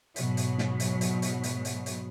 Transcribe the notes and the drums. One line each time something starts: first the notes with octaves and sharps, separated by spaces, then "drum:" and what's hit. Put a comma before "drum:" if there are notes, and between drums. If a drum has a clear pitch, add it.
G#2 B2 F#3, drum: hi-hat
drum: hi-hat
drum: snare
drum: hi-hat
drum: hi-hat
drum: hi-hat
drum: hi-hat
drum: hi-hat
drum: hi-hat